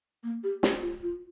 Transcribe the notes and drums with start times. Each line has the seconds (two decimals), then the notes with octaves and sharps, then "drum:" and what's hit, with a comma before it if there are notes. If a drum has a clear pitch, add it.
0.23 A#3
0.44 G4
0.63 G4, drum: snare
0.83 F4
1.03 F4